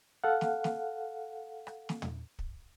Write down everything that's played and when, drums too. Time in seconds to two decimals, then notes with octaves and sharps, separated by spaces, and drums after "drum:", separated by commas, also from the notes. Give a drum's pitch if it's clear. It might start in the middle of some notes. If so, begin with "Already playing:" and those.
0.24 A4 F5 F#5
0.41 drum: snare
0.64 drum: snare
1.67 drum: rim click
1.89 drum: snare
2.02 drum: tom
2.39 drum: kick